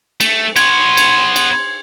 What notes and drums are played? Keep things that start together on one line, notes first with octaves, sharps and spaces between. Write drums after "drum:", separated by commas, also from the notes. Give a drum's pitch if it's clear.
A3, drum: cymbal
B3 C#5 C6 G#6, drum: cymbal
drum: cymbal
drum: cymbal